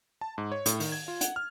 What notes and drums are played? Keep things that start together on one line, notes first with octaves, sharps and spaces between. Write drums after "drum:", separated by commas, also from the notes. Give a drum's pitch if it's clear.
A5
G#2
C#5
A2, drum: hi-hat
D#3, drum: open hi-hat
G#6
F4
F#5, drum: hi-hat
F6